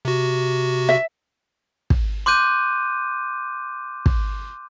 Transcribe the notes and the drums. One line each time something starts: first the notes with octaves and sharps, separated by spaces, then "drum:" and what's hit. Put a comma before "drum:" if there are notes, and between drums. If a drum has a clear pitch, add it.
C3 F#4
E5
drum: kick
C6 D6 F#6 G6 D#7
drum: kick